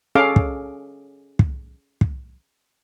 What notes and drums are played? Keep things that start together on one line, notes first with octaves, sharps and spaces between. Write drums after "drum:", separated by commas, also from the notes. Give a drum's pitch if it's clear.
C#4 G#4 A4 F5 D6
drum: kick
drum: kick
drum: kick